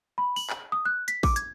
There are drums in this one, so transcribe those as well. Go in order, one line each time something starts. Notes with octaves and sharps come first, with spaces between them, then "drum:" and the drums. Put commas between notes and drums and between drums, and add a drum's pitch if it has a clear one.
B5
F#7, drum: open hi-hat
drum: clap
D#6
F#6
B6, drum: hi-hat
D6, drum: kick, open hi-hat
G#6, drum: hi-hat